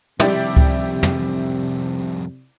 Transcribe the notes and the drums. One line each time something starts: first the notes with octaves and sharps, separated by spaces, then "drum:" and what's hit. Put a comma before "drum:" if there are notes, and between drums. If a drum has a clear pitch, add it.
F2 C3 G3 E4 G4 D5, drum: tom
drum: kick C#2
drum: tom